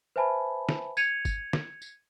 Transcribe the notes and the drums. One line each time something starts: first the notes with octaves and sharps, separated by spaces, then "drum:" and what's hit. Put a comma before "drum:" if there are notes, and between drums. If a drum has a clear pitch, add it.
B4 C5 E5 G#5 A5 B5
drum: snare
G#6 C#7 D#7 F7, drum: tambourine
drum: kick G1, tambourine
drum: snare
drum: tambourine